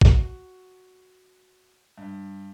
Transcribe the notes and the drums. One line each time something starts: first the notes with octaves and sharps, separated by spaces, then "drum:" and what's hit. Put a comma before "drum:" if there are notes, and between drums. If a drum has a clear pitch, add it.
F#4, drum: kick
G2